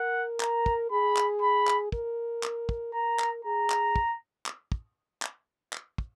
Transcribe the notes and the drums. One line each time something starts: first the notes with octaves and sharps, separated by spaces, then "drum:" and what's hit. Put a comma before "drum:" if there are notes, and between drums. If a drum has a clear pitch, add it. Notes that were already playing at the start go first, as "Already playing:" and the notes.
Already playing: A#4 F#5
A#5, drum: clap
drum: kick
G#4 B5
drum: clap
B5
drum: clap
A#4, drum: kick
drum: clap
drum: kick
A#4 A#5
drum: clap
G#4 A#5
drum: clap
drum: kick
drum: clap
drum: kick
drum: clap
drum: clap
drum: kick